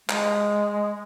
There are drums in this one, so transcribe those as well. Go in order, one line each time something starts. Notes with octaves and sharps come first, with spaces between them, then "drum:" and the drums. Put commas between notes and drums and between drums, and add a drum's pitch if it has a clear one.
G#3, drum: clap